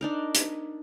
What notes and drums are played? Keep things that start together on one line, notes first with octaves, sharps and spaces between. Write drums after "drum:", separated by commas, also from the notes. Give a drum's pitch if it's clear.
D4 D#4 A#4
drum: hi-hat